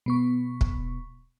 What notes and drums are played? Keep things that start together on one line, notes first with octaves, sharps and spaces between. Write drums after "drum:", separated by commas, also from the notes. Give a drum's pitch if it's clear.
B2 B3 C#6
drum: kick